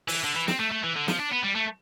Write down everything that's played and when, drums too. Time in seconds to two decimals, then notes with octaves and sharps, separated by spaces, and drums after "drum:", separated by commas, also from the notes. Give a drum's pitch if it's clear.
0.08 E3, drum: open hi-hat
0.24 D3
0.36 E3
0.48 C4, drum: snare
0.60 A3
0.72 A3
0.84 E3
0.96 D3
1.08 F3, drum: snare
1.19 D4
1.32 B3
1.43 G3
1.55 A3